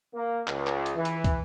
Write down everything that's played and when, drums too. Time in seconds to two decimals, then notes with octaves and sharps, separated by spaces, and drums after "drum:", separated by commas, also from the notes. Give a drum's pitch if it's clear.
0.15 A#3
0.47 C#2, drum: clap
0.67 drum: clap
0.86 drum: hi-hat
0.96 E3
1.05 drum: hi-hat
1.24 drum: kick, hi-hat